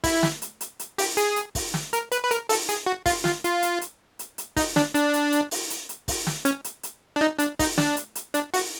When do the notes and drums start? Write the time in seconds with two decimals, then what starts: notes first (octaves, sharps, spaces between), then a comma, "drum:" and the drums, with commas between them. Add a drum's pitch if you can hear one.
0.04 E4, drum: kick, open hi-hat
0.23 drum: snare
0.42 drum: hi-hat
0.61 drum: hi-hat
0.79 drum: hi-hat
0.98 G4, drum: open hi-hat
1.17 G#4, drum: hi-hat
1.36 drum: hi-hat
1.55 drum: kick, open hi-hat
1.74 drum: snare
1.93 A#4, drum: hi-hat
2.12 B4, drum: hi-hat
2.24 B4
2.31 A#4, drum: hi-hat
2.49 A4, drum: open hi-hat
2.69 G#4, drum: hi-hat
2.86 F#4
3.06 F4, drum: kick, open hi-hat
3.25 F4, drum: snare
3.44 F4, drum: hi-hat
3.63 drum: hi-hat
3.81 drum: hi-hat
4.19 drum: hi-hat
4.38 drum: hi-hat
4.57 D#4, drum: kick, open hi-hat
4.76 D4, drum: snare
4.95 D4, drum: hi-hat
5.13 drum: hi-hat
5.32 drum: hi-hat
5.51 drum: open hi-hat
5.70 drum: hi-hat
5.89 drum: hi-hat
6.08 drum: kick, open hi-hat
6.27 drum: snare
6.45 C#4, drum: hi-hat
6.64 drum: hi-hat
6.83 drum: hi-hat
7.16 D4
7.21 D#4
7.39 D4, drum: hi-hat
7.59 D#4, drum: kick, open hi-hat
7.78 D4, drum: snare
7.97 drum: hi-hat
8.15 drum: hi-hat
8.34 D4, drum: hi-hat
8.54 F#4, drum: open hi-hat